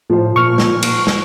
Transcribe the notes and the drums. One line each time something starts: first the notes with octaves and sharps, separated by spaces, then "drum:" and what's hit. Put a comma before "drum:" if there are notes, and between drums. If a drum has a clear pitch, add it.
A2 F3 C5
A#2 C#6 F6
drum: snare
drum: cymbal
drum: snare